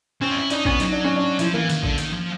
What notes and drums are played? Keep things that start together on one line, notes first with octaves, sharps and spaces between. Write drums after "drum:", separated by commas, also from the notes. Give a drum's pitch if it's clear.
C4 C#4
F4
E4
D4 D#4, drum: hi-hat
B3 C#4, drum: kick
F#3 D#4, drum: hi-hat
D4
C#4
D4
F3 E4, drum: hi-hat
E3 A#3
D#3, drum: hi-hat
D3, drum: kick
D#3, drum: hi-hat
F3